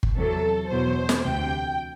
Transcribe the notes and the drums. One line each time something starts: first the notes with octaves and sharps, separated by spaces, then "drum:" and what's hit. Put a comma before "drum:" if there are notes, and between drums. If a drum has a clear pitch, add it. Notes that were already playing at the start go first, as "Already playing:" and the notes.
drum: kick G1
E2 C3 F#3 A4
E2 B2 F#3 C5
drum: snare
D2 C3 E3 G5